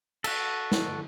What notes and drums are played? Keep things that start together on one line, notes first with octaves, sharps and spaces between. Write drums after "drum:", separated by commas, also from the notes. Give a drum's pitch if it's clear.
F#4 A4, drum: cymbal
drum: snare